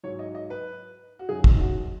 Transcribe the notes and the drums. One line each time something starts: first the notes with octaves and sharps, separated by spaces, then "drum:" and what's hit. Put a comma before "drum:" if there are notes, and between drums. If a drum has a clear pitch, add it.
G#2 F#3 C#5
D#5
D#5
B4
F#4
F#2 D#3 F#3 G#4
drum: kick
D#4
F#4